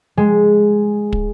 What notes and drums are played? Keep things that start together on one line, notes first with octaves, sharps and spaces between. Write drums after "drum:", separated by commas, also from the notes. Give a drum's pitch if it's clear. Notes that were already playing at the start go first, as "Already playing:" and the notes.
G#3
drum: kick